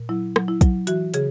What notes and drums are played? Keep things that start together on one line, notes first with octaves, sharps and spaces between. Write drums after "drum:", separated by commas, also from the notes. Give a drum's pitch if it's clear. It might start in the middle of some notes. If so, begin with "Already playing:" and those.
Already playing: A#2
F#3 E4
F#3, drum: rim click
E4
F#3, drum: kick, hi-hat
E3 F#4, drum: hi-hat
C#3 G#4, drum: hi-hat